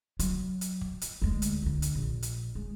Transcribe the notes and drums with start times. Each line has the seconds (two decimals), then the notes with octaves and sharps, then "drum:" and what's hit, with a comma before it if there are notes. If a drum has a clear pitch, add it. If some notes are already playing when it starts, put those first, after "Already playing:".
0.19 F#3, drum: hi-hat
0.61 drum: hi-hat
0.81 drum: kick
1.01 drum: hi-hat
1.22 D2 G#3
1.42 drum: hi-hat
1.63 C#2 D3
1.82 drum: hi-hat
1.95 A#1
2.22 drum: hi-hat
2.55 G#3